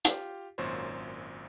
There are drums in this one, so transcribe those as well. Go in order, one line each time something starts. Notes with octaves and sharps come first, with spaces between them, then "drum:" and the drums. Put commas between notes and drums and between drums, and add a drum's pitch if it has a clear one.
F4 G4, drum: hi-hat
G#1 F#2 A#2 C5 C#5